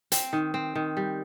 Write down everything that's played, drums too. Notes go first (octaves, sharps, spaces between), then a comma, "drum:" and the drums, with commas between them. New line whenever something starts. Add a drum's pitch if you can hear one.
C4, drum: hi-hat
D#3
C4
D#3
G3